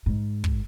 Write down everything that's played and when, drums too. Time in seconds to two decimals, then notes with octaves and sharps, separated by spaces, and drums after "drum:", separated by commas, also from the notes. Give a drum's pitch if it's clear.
0.06 G#2
0.44 drum: kick